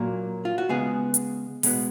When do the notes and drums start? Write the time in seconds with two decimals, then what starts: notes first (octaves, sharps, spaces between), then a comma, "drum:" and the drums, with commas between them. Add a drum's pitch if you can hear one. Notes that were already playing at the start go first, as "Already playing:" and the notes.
Already playing: A#2 F#3 A#3 A#4
0.45 F4
0.58 F#4
0.69 C#3 G#3 B3 G#4
1.14 drum: hi-hat
1.63 B2 G#3 B3, drum: open hi-hat